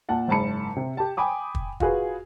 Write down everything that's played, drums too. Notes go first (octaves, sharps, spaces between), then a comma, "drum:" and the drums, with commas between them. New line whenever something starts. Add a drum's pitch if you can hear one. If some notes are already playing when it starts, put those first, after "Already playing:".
A#2 F#5 A5
F#1 G#2 A5 B5 C#7
C3
G4 A5
G5 G#5 B5 D6 D#6
drum: kick
F4 F#4 G#4 B4, drum: kick